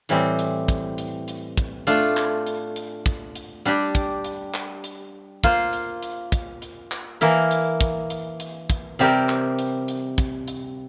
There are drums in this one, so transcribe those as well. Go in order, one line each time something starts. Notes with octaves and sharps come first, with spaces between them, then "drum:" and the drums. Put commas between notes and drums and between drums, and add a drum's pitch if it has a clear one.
A2 E3 G3 C4, drum: hi-hat
drum: hi-hat
drum: kick, hi-hat
drum: hi-hat
drum: hi-hat
drum: kick, hi-hat
A3 D4 F4, drum: hi-hat
drum: clap
drum: hi-hat
drum: hi-hat
drum: kick, hi-hat
drum: hi-hat
G3 D4 G4, drum: hi-hat
drum: kick, hi-hat
drum: hi-hat
drum: clap
drum: hi-hat
A#3 F4 C5, drum: kick, hi-hat
drum: hi-hat
drum: hi-hat
drum: kick, hi-hat
drum: hi-hat
drum: clap
E3 A#3 E4 A#4, drum: hi-hat
drum: hi-hat
drum: kick, hi-hat
drum: hi-hat
drum: hi-hat
drum: kick, hi-hat
C3 G3 C4 G4 A#4, drum: hi-hat
drum: clap
drum: hi-hat
drum: hi-hat
drum: kick, hi-hat
drum: hi-hat